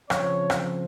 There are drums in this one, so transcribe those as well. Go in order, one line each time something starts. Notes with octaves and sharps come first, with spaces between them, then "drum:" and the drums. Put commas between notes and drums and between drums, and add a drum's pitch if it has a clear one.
C#3 F3 C4 C#5, drum: rim click
drum: rim click